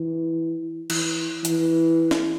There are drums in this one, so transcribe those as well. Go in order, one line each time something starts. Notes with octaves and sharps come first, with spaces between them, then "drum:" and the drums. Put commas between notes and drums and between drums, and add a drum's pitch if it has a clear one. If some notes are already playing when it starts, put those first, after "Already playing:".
Already playing: E3
E3, drum: cymbal
E3, drum: hi-hat
drum: snare